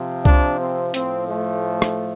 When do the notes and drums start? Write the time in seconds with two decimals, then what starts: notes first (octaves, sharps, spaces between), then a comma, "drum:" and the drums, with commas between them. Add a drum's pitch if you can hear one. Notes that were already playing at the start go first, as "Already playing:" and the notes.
Already playing: C3 F3
0.25 D4, drum: kick C2
0.60 C4
0.94 A2 F3 C4, drum: hi-hat
1.29 A3
1.82 drum: rim click